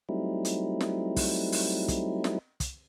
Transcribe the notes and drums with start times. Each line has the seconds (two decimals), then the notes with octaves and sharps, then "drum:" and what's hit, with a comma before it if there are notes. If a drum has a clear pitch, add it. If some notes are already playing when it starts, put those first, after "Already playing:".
0.09 F#3 G3 A3 C4 D#4 E4
0.45 drum: hi-hat
0.81 drum: snare
1.16 drum: kick, open hi-hat
1.52 drum: open hi-hat
1.88 drum: kick, hi-hat
2.24 drum: snare
2.60 drum: kick, hi-hat